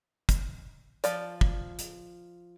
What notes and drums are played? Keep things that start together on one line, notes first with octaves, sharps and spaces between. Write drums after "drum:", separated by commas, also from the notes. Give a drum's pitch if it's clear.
drum: kick, hi-hat
F3 D5, drum: hi-hat
drum: kick
drum: hi-hat